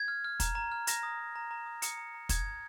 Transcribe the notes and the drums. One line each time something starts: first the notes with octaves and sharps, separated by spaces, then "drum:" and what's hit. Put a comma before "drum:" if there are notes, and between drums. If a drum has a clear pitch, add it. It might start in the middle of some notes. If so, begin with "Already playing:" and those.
Already playing: G#6
F6
F6
A#5, drum: kick, hi-hat
A#5
F6
A#5 A#6, drum: hi-hat
D#6
A#5
A#5
A#5
D#6
D#6 C#7, drum: hi-hat
A#5
A#5
D#6 G#6, drum: kick, hi-hat
A#5